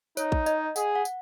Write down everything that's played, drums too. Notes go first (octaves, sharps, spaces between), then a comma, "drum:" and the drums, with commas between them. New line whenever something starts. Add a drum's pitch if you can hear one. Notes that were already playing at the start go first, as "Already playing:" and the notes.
D#4 C#5, drum: tambourine
drum: kick
D#5, drum: tambourine
G#4 F#5, drum: tambourine
F#5
drum: tambourine